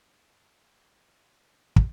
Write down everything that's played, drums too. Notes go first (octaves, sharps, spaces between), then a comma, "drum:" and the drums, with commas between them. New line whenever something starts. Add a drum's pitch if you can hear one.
D4
F4
F#4
drum: kick